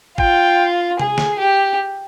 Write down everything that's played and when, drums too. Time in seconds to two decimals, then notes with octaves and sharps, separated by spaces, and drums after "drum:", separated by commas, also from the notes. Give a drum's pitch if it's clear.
0.18 F4 G5, drum: kick
1.00 G#4, drum: tom C3
1.18 drum: snare
1.39 G4